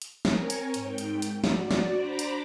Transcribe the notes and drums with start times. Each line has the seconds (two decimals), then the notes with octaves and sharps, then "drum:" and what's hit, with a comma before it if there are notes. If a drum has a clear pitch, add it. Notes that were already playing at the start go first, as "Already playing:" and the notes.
0.02 drum: hi-hat
0.25 C4 A#4 C#5 G#5, drum: snare
0.50 drum: hi-hat
0.74 G#2 G5, drum: hi-hat
0.98 drum: hi-hat
1.22 drum: hi-hat
1.44 F#4 D5, drum: snare
1.71 drum: snare
1.90 D4 C5 A#5 B5 D6
2.19 drum: hi-hat